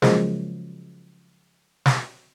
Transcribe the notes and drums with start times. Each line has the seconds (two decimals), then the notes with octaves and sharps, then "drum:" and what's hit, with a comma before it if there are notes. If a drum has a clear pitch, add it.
0.02 C#3 F3 F#3 G#3 A#3, drum: snare
1.86 drum: snare